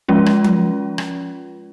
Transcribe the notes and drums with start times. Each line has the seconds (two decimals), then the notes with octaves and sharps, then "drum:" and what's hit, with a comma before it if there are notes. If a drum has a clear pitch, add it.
0.08 F3 G#3 C#4 F4
0.26 drum: rim click
0.44 drum: tom F3
0.98 drum: rim click